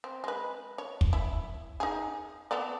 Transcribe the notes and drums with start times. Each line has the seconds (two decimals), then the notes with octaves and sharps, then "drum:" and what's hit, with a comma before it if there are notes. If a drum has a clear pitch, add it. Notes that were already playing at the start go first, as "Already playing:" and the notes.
0.04 C4
0.24 G#3 B4
0.78 C#5
1.01 drum: kick
1.13 E4
1.80 D#4 G#4
2.51 B3 A4 D5